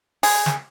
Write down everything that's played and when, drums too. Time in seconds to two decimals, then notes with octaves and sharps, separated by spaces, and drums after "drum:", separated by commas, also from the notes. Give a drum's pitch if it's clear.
0.23 G#4, drum: open hi-hat
0.46 drum: snare